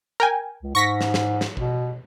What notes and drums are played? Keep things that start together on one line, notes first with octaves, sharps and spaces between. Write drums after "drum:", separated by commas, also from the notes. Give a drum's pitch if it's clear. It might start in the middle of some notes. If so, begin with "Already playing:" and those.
A#4 G5 G#5
C#2
G#2 C#6 A#6 B6
drum: snare
drum: snare
drum: snare
B2, drum: kick